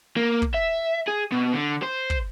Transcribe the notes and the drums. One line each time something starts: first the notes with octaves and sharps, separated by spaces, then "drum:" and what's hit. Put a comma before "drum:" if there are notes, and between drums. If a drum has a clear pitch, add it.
A#3
drum: kick
E5
G#4
B2
D3
C5
drum: kick